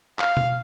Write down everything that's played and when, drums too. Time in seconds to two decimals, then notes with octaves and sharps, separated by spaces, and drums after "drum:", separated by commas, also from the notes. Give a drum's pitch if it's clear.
0.19 F5, drum: clap
0.37 drum: tom B2